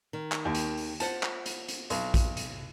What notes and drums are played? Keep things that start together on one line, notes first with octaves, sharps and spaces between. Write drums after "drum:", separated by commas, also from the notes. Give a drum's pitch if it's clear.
D#3
drum: clap
D#2
drum: hi-hat
drum: open hi-hat
F4 C5 F#5 A5, drum: hi-hat
drum: clap
drum: hi-hat
drum: hi-hat
B1, drum: hi-hat
drum: kick A#1, hi-hat
drum: hi-hat